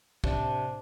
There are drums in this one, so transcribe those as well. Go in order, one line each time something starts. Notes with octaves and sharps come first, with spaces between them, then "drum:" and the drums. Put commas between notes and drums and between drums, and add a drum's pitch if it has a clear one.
C3 D4, drum: kick